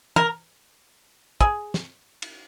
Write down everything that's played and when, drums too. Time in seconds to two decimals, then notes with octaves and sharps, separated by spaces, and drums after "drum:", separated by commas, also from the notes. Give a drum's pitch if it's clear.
0.16 A#4, drum: tom
1.41 G#4, drum: kick
1.74 drum: snare
2.22 drum: cymbal